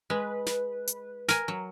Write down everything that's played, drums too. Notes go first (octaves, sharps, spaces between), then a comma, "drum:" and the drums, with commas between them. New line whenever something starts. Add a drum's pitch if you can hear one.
G#3 B4
drum: snare
drum: hi-hat
A#4 G#5, drum: snare
F#3